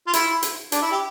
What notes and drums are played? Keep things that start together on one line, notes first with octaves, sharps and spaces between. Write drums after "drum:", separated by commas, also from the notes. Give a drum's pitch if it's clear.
F4
E4, drum: hi-hat
drum: hi-hat
D4, drum: hi-hat
E4
G4